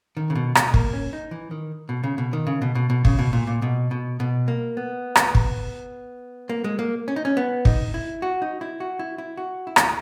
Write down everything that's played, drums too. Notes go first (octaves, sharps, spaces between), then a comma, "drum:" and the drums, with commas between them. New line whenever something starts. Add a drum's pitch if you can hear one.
D#3
C#3
B2
B2, drum: rim click
A#3, drum: kick
C#4
D#4
E3
D#3
B2
C#3
B2
D#3
C#3
B2
B2
B2
C#3, drum: kick
B2
A#2
A#2
B2
B2
B2
A#3
B3
drum: rim click
drum: kick
A#3
G#3
A#3
C#4
D#4
C#4
B3
D#4, drum: kick
E4
F#4
D#4
E4
F#4
E4
E4
F#4
E4
drum: rim click